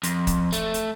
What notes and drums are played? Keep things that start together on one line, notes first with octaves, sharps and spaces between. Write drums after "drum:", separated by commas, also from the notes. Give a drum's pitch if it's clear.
F2, drum: hi-hat
drum: kick, hi-hat
A3, drum: hi-hat
drum: hi-hat